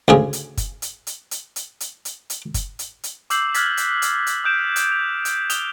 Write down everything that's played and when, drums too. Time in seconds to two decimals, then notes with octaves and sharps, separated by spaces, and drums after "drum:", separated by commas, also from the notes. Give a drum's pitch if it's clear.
0.08 D2 C#3 G#4
0.33 drum: hi-hat
0.57 drum: kick F#1, hi-hat
0.82 drum: hi-hat
1.07 drum: hi-hat
1.31 drum: hi-hat
1.56 drum: hi-hat
1.80 drum: hi-hat
2.05 drum: hi-hat
2.30 drum: hi-hat
2.54 drum: kick F#1, hi-hat
2.79 drum: hi-hat
3.04 drum: hi-hat
3.30 D6 E6 G6 C7 F#7, drum: hi-hat
3.54 F6 F#6 G#6 A6 B6, drum: hi-hat
3.77 drum: hi-hat
4.02 drum: hi-hat
4.27 drum: hi-hat
4.44 D#6 F#6 G6 D7 E7
4.76 drum: hi-hat
4.92 F7
5.25 drum: hi-hat
5.50 D#6 E7 F7 G7, drum: hi-hat